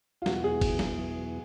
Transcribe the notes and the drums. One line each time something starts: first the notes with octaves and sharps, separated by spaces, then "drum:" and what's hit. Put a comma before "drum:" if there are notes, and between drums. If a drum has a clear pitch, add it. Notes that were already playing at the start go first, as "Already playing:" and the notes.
F4
E2 B2 F#3 B3 E4 F#4, drum: snare
G#4
drum: kick G1, cymbal
drum: snare